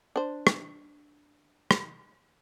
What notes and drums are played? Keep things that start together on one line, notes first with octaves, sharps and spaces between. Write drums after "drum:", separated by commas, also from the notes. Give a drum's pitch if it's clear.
D4 C5
drum: rim click
drum: rim click